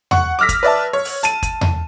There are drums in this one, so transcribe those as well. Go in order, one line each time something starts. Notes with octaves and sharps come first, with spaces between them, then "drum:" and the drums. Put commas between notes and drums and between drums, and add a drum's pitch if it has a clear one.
F#5 C#6, drum: tom E2
D6 E6 F6 A#6 B6
drum: kick, hi-hat
B4 D5 E5 A5
C#5
drum: open hi-hat
A5 D#7, drum: hi-hat
drum: kick, hi-hat
drum: tom E2